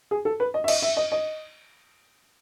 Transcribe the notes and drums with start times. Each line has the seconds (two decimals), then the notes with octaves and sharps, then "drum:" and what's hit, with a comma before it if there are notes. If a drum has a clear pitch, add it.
0.11 G#4
0.25 A4
0.40 B4
0.54 D#5
0.64 E5
0.68 D#5, drum: cymbal
0.82 E5
0.97 D#5
1.12 D#5